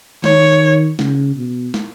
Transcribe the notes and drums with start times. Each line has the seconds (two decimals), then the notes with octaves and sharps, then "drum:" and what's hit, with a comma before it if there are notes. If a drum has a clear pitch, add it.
0.24 D#3 C#5, drum: snare
0.99 C#3, drum: snare
1.37 B2
1.74 drum: snare